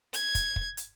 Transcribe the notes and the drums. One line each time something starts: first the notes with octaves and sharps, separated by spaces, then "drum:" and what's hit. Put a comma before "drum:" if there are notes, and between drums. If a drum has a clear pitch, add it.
G#6, drum: hi-hat
drum: kick, hi-hat
drum: kick
drum: hi-hat